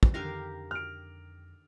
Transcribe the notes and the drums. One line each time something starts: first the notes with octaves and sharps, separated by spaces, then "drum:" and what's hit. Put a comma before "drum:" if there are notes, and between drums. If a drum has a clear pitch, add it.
drum: kick
F2 D3 D#3 G4 A#4 F5 A#6
F6 D7